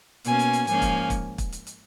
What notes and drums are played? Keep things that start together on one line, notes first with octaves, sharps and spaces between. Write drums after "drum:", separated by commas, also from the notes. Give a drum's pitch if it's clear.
B2 A#3 C#4 G#5, drum: hi-hat
drum: hi-hat
drum: hi-hat
G#2 F3 A#3 C#4 G#5, drum: hi-hat
drum: kick, hi-hat
drum: kick, hi-hat
drum: kick, hi-hat
drum: hi-hat
drum: hi-hat